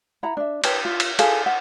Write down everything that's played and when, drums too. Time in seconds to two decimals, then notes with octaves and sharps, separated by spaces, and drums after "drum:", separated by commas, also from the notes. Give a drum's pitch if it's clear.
0.23 E4 F#5 A#5 B5
0.37 D4 E5
0.64 B4 C#5 G5 A5, drum: cymbal
0.85 F4
1.00 drum: cymbal
1.19 F4 G#4 A4 F5, drum: cymbal
1.46 F#5